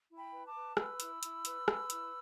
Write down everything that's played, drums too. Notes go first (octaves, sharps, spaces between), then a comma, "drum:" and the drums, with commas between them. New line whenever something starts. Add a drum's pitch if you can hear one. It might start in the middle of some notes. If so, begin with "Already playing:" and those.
E4
G5 B5
B4
A5 D6
B4
B4 B5 E6, drum: rim click
E4, drum: hi-hat
E4, drum: hi-hat
B4, drum: hi-hat
B4, drum: rim click
E4, drum: hi-hat